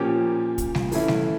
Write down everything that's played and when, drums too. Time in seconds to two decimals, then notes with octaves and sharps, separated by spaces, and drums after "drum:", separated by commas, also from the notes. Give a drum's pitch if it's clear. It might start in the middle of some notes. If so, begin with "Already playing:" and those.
Already playing: A#2 F3 A#3 C#4 G4
0.58 drum: kick, hi-hat
0.75 drum: snare G3
0.92 E3 A3 C#4 E4, drum: open hi-hat
1.08 drum: snare G3